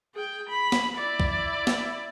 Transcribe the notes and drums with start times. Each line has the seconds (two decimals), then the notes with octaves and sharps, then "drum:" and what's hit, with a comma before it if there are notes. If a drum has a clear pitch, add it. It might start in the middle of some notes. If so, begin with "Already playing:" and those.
0.15 G#4 G5
0.49 B5
0.72 drum: snare
0.96 E4 D5
1.20 drum: kick
1.67 drum: snare